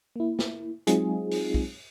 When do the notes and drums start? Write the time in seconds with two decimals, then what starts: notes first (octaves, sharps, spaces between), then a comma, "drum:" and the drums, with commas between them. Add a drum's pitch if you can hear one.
0.16 A#3 E4
0.39 drum: snare
0.87 F#3 G#3 C4 D#4 F4 G#4, drum: hi-hat
1.31 drum: open hi-hat
1.54 drum: kick